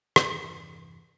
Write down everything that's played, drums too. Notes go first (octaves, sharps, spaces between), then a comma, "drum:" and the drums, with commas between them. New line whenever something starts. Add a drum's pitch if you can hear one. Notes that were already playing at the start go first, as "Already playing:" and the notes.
E2 G2 C3 E3, drum: rim click